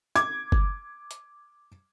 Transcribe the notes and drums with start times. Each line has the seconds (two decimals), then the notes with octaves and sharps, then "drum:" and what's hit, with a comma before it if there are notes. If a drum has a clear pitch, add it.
0.16 D6 G#6, drum: tambourine
0.52 drum: kick F#1
1.11 drum: hi-hat